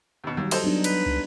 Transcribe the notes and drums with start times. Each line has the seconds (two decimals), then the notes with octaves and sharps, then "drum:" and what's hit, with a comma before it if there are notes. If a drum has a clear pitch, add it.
0.24 D#2 B2
0.37 D#2 F#3 G3
0.51 A4 C5 D#5, drum: cymbal
0.64 F#3 B3 D4 D#4
0.84 B4, drum: cymbal
1.06 C#2